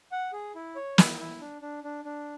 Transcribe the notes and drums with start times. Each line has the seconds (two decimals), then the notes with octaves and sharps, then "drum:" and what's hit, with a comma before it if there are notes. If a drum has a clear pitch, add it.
0.12 F#5
0.33 G#4
0.55 E4
0.76 C#5
0.98 E4, drum: snare
1.20 E4
1.40 D4
1.61 D4
1.84 D4
2.04 D4